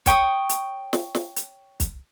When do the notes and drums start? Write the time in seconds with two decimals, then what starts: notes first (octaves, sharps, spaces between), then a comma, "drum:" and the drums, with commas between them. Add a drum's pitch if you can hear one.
0.06 C#5 G5 C#6 D#6, drum: kick, hi-hat
0.49 drum: hi-hat
0.93 drum: snare
1.15 drum: snare
1.36 drum: hi-hat
1.80 drum: kick, hi-hat